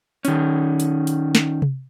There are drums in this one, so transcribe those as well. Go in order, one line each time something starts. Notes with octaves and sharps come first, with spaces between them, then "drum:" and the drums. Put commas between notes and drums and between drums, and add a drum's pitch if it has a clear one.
D#3 C#4, drum: hi-hat
drum: hi-hat
drum: hi-hat
drum: snare
drum: tom C3